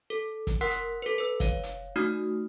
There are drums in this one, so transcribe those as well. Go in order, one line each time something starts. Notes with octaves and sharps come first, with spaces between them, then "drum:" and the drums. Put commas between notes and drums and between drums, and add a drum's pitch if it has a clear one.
A4
drum: kick, hi-hat
A#4 F#5 C6 E6 F#6 B6
drum: hi-hat
A4 B4
B4 E6
C#5 F5, drum: kick, hi-hat
drum: hi-hat
A3 D#4 F#4 D#6 F6 G#6